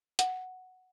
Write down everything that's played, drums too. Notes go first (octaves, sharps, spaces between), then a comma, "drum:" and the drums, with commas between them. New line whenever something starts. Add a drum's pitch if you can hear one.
F#5, drum: hi-hat